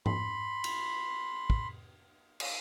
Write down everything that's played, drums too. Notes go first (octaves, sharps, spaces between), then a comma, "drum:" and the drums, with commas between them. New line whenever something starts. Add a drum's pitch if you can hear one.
B5 C6, drum: tom G#2
drum: cymbal
drum: kick
drum: cymbal